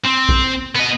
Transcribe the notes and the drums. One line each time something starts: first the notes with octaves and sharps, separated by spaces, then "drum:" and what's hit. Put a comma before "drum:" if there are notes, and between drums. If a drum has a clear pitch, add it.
C4
drum: kick A#1
B3 D#5